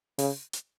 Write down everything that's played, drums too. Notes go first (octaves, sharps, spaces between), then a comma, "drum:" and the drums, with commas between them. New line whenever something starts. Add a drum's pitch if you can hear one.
C#3, drum: open hi-hat
drum: hi-hat